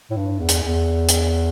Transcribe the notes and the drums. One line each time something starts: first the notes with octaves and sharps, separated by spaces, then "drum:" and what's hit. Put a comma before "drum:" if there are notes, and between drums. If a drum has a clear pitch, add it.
A2
G2
E2
drum: hi-hat
E2
drum: hi-hat